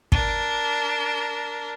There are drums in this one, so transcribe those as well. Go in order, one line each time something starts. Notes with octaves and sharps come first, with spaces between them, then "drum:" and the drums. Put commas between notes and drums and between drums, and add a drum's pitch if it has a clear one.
D4 A#4, drum: kick